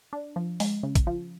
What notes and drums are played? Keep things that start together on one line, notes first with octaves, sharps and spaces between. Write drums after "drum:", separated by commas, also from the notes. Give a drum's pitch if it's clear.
D4
F3
G#3, drum: open hi-hat
C#3
drum: kick, hi-hat
F3